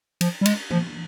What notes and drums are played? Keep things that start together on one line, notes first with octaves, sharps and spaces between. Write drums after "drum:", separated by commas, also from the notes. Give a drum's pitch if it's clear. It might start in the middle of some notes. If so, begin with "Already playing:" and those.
F3, drum: cymbal
G3
G#3, drum: cymbal
F3, drum: tom E3